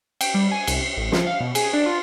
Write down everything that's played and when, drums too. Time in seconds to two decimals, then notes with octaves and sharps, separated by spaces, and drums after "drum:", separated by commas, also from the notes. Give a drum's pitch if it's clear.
0.21 G5, drum: cymbal
0.34 G3
0.51 G#5
0.67 C2, drum: cymbal
0.79 C7
0.97 A1
1.12 F3, drum: snare
1.27 F5
1.40 B2
1.55 G#4, drum: cymbal
1.73 D4
1.86 F4